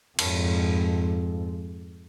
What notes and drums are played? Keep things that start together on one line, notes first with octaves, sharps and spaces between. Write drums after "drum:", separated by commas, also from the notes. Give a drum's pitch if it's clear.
F2 G#2, drum: cymbal